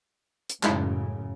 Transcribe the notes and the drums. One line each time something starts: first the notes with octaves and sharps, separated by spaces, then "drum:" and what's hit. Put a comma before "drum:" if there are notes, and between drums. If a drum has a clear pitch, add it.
drum: hi-hat
F#2 A2 C#3 G#3 D#4 E4, drum: clap